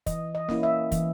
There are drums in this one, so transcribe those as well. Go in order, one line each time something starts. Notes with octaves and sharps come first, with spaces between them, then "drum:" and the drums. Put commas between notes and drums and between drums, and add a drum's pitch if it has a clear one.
E3 D#5, drum: kick, hi-hat
D#5
A#3 C#4 E4, drum: snare
E5
E3, drum: kick, hi-hat